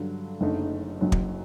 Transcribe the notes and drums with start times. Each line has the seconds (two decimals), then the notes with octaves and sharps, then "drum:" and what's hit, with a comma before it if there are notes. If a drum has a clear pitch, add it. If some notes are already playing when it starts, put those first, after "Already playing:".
Already playing: G2 D3 F#3
0.41 F#1 F#2 D3 A3 D#4
1.01 F#1 F#2 F#3
1.12 drum: kick